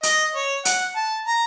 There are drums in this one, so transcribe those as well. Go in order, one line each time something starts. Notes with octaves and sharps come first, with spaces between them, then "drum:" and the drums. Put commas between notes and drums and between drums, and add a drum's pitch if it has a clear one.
D#5, drum: hi-hat
C#5
F#5, drum: hi-hat
A5
A#5